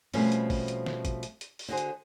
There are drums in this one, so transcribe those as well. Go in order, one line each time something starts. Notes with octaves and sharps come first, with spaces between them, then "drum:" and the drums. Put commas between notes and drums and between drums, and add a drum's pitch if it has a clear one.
B2 F3 G3 A3 C4 C#4, drum: open hi-hat
drum: hi-hat
drum: kick G#1, open hi-hat
drum: hi-hat
drum: snare
drum: kick G#1, hi-hat
drum: hi-hat
drum: hi-hat
drum: open hi-hat
D3 F#4 G#4 C5
drum: hi-hat